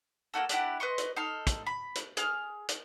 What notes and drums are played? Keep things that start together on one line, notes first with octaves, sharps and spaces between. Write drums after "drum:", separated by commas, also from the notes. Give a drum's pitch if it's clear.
A#3 D#4 F#4 A4
D4 E4 G4 F#5, drum: hi-hat
B4 D#5 C6 C#6
drum: hi-hat
D#4 A4 C6 F6
drum: kick, hi-hat
B5
drum: hi-hat
G#4 F6, drum: hi-hat
drum: hi-hat